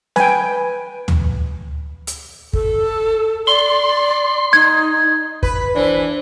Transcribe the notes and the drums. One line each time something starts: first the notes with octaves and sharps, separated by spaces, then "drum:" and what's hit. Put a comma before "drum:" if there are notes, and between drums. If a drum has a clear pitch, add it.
B4 G5 G#5, drum: snare
drum: tom D2
drum: hi-hat
A4, drum: kick
D5 C6
D#4 G#6
B4, drum: kick
E3 D4 C5